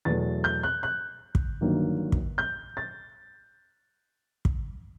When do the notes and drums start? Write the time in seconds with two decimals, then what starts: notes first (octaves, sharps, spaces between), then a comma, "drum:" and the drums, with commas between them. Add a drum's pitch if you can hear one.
0.05 E2 B2 F#3 A3 A6
0.44 G6
0.63 F#6
0.83 F#6
1.35 drum: kick
1.61 G1 G2 D#3 F#3 A#3
2.12 drum: kick
2.38 G6
2.77 A6
4.45 drum: kick